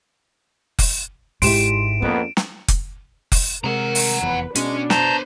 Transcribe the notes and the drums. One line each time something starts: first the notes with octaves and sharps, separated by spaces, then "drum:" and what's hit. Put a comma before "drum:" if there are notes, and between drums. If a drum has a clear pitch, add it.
drum: kick F1, open hi-hat
G#1 G#2 E4 G4 C6 D7 E7, drum: open hi-hat
F2 A#3 B3 C#4
drum: snare
drum: kick F1, hi-hat
drum: kick F1, open hi-hat
C3 G#3 A#4 F#5 A#5
drum: open hi-hat
F1 E2 B4
B2 G#3 B3 C#4 D4, drum: hi-hat
B4 C5 A5 A#5 G6, drum: snare